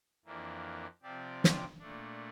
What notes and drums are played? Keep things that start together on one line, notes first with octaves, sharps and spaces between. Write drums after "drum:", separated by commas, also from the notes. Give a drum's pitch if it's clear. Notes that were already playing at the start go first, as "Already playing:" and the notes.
F2 E3 A#3 D4
C3 F3 C4 G4 D5
drum: snare
A#2 A3 D4